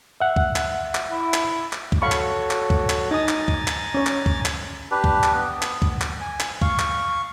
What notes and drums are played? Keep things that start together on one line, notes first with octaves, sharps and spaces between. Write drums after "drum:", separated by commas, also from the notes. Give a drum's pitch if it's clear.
E5 F#5
drum: kick
drum: clap
drum: clap
E4
drum: clap
drum: clap
drum: kick
F#4 A4 C#5 F5 B5 C#6
drum: clap
drum: clap
drum: kick
drum: clap
D#4 G#5 A#5 D#6 A6
drum: clap
drum: kick
drum: clap
C#4 C#5
drum: clap
drum: kick
drum: clap
D4 G4 B4
drum: kick
drum: clap
B3
drum: clap
drum: kick
drum: clap
G#5
drum: clap
F5 C#6, drum: kick
drum: clap